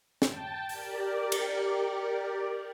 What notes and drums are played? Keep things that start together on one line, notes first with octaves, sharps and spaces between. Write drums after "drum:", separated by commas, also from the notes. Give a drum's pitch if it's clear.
G5 A5, drum: snare
G4 A#4 D5, drum: open hi-hat
drum: cymbal